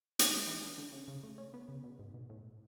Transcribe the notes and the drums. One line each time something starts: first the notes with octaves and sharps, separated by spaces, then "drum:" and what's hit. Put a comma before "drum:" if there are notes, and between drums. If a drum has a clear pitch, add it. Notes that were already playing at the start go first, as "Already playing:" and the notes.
drum: hi-hat
G#3
E3
D3
D3
C#3
C#3
A3
C#4
B3
C#3
B2
G#2
B2
A2